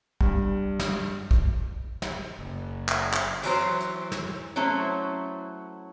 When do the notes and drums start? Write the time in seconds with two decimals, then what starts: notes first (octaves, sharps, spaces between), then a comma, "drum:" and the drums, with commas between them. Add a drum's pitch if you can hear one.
0.21 G2, drum: kick
0.79 drum: snare
1.31 drum: kick
2.02 drum: snare
2.39 F#1
2.89 drum: clap
3.14 drum: clap
3.43 E3 F#3 C5, drum: cymbal
3.80 drum: hi-hat
4.12 drum: snare
4.56 F#3 A3 C#4 E4 C5